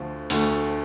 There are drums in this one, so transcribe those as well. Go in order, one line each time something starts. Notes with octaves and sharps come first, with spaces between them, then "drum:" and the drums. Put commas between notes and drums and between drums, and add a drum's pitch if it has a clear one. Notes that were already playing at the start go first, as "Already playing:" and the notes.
Already playing: D2 D3 F3 A3
D2 D3 A3, drum: open hi-hat